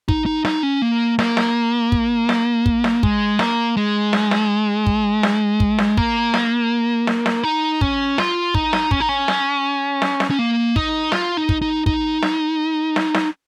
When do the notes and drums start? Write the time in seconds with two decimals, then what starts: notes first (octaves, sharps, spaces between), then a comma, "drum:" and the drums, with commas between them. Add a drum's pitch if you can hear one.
0.08 D#4, drum: kick
0.26 D#4
0.45 D#4, drum: snare
0.63 C#4
0.82 A#3
1.19 A#3, drum: snare
1.37 drum: snare
1.92 drum: kick
2.29 drum: snare
2.66 drum: kick
2.84 drum: snare
3.03 G#3, drum: kick
3.39 A#3, drum: snare
3.77 G#3
4.13 drum: snare
4.31 drum: snare
4.86 drum: kick
5.23 drum: snare
5.60 drum: kick
5.78 drum: snare
5.97 A#3, drum: kick
6.34 drum: snare
7.07 drum: snare
7.26 drum: snare
7.43 D#4
7.81 C#4, drum: kick
8.18 F4, drum: snare
8.54 D#4, drum: kick
8.73 drum: snare
8.91 C#4, drum: kick
9.00 D#4
9.09 C#4
9.28 drum: snare
10.02 drum: snare
10.20 drum: snare
10.30 C#4
10.39 A#3
10.76 D#4, drum: kick
11.12 F4, drum: snare
11.37 D#4
11.49 drum: kick
11.62 D#4
11.86 D#4, drum: kick
12.22 drum: snare
12.96 drum: snare
13.14 drum: snare